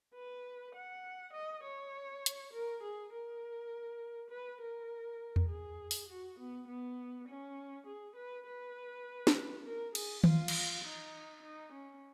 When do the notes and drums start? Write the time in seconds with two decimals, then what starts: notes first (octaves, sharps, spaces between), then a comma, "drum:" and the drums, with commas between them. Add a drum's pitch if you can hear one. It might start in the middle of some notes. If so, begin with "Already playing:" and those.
0.15 B4
0.75 F#5
1.33 D#5
1.63 C#5
2.26 drum: hi-hat
2.53 A#4
2.83 G#4
3.13 A#4
4.30 B4
4.61 A#4
5.36 drum: tom E2
5.49 G#4
5.91 drum: open hi-hat
6.08 F#4
6.39 B3
6.67 B3
7.28 C#4
7.87 G#4
8.16 B4
8.46 B4
9.27 drum: snare
9.65 A#4
9.95 G#4, drum: cymbal
10.24 F4, drum: tom D#3
10.48 drum: cymbal
10.84 D#4
11.42 D#4
11.73 C#4